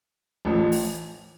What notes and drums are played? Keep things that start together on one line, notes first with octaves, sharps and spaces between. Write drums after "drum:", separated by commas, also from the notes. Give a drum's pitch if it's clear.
A1 A2 F3
drum: open hi-hat